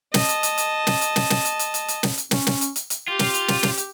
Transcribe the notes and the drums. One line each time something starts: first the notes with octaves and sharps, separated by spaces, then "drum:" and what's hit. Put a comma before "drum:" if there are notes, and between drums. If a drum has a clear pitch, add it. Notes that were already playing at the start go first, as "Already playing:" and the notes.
D#5 A5, drum: snare
drum: hi-hat
drum: hi-hat
drum: hi-hat
drum: snare
drum: hi-hat
drum: snare
drum: snare
drum: hi-hat
drum: hi-hat
drum: hi-hat
drum: hi-hat
drum: snare
drum: hi-hat
C#4, drum: snare
drum: snare
drum: hi-hat
drum: hi-hat
drum: hi-hat
F4 G4
drum: snare
drum: hi-hat
drum: snare
drum: snare
drum: hi-hat